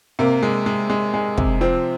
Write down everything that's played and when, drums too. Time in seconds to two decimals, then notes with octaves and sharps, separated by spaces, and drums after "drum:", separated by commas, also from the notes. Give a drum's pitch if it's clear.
0.19 C3 A#3
0.43 G#3
0.66 G#3
0.90 G#3
1.14 G#3
1.38 C3, drum: kick
1.61 F3 C4